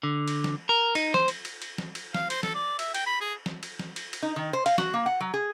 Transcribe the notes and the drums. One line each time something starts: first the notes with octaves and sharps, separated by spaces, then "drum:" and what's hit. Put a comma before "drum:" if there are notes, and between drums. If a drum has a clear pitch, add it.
D3
drum: cymbal
drum: snare
A#4
D#4, drum: cymbal
C5, drum: snare
drum: cymbal
drum: cymbal
drum: cymbal
drum: snare
drum: cymbal
F5, drum: snare
C5, drum: cymbal
A4, drum: snare
D5
E5, drum: cymbal
G5, drum: cymbal
B5
G#4
drum: snare
drum: cymbal
drum: snare
drum: cymbal
drum: cymbal
D#4
D#3
C5
F5, drum: cymbal
F#4, drum: snare
A#3
F#5
F#3
G#4